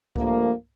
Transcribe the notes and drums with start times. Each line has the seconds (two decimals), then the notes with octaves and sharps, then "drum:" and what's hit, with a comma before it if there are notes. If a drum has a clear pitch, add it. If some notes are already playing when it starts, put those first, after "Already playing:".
0.16 G2 F3 A3 A#3, drum: kick C2